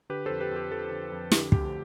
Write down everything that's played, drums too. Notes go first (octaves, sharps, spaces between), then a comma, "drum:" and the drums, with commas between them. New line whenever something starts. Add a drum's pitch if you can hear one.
D3 G4 B4
F2 A4 C5
G4 B4
F2
G4
F3 A4
D3
F2
D3 G4, drum: snare
D2 G4, drum: kick